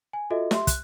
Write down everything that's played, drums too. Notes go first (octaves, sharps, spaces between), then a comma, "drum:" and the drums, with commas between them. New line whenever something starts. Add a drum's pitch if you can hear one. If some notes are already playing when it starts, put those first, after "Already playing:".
G#5
F4 F#4 A4 D#5 E5
G4 E5 C6, drum: snare
F#6, drum: kick, hi-hat